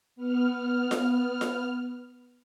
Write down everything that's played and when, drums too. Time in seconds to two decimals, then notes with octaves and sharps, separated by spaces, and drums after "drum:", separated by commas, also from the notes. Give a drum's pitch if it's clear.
0.16 B3 F6
0.91 drum: snare F4
1.41 drum: snare F4